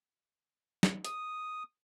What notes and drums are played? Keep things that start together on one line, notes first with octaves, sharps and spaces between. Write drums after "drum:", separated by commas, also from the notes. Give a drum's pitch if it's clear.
drum: snare
D#6, drum: hi-hat